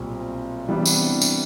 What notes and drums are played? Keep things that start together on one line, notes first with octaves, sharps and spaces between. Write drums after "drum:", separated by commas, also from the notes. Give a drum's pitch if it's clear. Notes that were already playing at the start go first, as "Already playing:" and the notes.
Already playing: B1 A#2 G3 C4 F4
C3 E3 G3 B3 D4
drum: tambourine
drum: tambourine